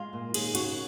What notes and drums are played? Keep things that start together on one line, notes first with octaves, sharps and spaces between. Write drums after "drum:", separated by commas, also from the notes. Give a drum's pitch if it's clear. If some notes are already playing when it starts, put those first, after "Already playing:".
Already playing: G#3 F4
A#2
D#2 G#4, drum: cymbal
C#3 F#4, drum: cymbal